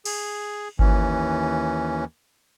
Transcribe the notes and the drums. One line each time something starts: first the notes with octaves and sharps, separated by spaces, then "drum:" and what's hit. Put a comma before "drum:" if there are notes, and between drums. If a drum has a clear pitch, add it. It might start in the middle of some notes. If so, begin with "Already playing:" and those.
G#4, drum: cymbal
D#2 E3 C#4, drum: kick G1